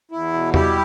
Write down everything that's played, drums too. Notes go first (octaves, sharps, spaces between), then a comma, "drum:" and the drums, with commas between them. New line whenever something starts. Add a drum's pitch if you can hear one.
E2 E4
B2
G3 E4 G4, drum: tom E2